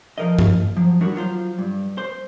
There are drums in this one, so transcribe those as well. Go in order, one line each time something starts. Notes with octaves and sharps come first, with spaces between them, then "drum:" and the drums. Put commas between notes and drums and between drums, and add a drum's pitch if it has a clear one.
F3 A#4 D#5
drum: tom G2
F3 F#3
D#3 G3 D4 F#4 A#4 C#5
F#3 F4 C5
G2
C5